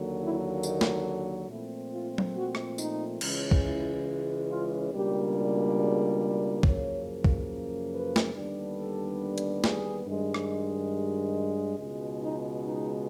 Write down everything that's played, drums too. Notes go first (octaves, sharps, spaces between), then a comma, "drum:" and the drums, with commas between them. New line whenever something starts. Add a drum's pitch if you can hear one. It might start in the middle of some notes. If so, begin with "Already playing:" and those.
Already playing: D#2 D3 F#3 A#3
E4
D#4, drum: tambourine
drum: snare
A#2 F3 A3 C4 E4
F4
drum: tom F#3
F#4
drum: rim click
D#4, drum: tambourine
C#2 C#3 E3 G#3 C#4, drum: cymbal
drum: kick
E4
F4
C#2 B2 G3 A#3 D4 G4
G#4
F#2 C#3 F3 A#3 C#5, drum: kick
drum: kick
B4
drum: snare
D#2 D3 G3 B3 D4
A4
drum: hi-hat
G#4, drum: snare
G2 D#3 G#3
drum: rim click
G4
C#2 B2 G#3
D#4
D#4